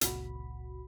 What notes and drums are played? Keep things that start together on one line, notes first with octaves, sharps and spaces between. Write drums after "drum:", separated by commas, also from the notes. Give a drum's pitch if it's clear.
G1 C#2 A#2 F#4 B5, drum: hi-hat